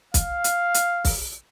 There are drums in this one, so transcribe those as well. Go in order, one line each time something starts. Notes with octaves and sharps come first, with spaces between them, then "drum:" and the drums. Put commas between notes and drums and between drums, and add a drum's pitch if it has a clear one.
F5, drum: kick, hi-hat
drum: hi-hat
drum: hi-hat
drum: kick, open hi-hat